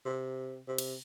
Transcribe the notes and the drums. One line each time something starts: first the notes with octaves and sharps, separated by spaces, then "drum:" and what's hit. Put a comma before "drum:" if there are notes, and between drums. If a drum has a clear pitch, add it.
C3
C3
drum: cymbal